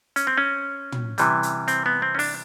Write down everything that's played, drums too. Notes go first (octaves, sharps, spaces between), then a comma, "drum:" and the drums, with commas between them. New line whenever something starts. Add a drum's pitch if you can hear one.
C#4, drum: hi-hat
C4
C#4
drum: tom
C3 E3 G3, drum: hi-hat
drum: hi-hat
C4, drum: hi-hat
B3
C4
C#4
D4, drum: open hi-hat